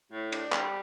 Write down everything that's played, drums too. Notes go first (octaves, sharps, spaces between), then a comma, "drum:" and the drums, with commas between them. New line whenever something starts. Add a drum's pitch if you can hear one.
A2
D4, drum: cymbal
G3, drum: clap